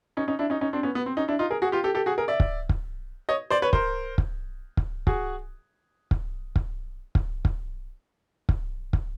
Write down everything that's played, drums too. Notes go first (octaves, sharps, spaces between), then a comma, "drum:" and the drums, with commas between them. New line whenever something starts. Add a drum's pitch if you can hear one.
C#4 D#4
C#4 D#4
D4 E4
C#4 D#4
C#4 D#4
C4 D4
B3 C#4
B3
C4
C#4 D#4
D4 E4
D#4 F4
G#4 A#4
F#4 G#4
F4 G4
G4 A4
G4 A4
F#4 G#4
G#4 A#4
D5 E5
drum: kick
drum: kick
C#5 D#5
C5 D5
B4 C#5
A#4 C5, drum: kick
drum: kick
drum: kick
F#4 G#4, drum: kick
drum: kick
drum: kick
drum: kick
drum: kick
drum: kick
drum: kick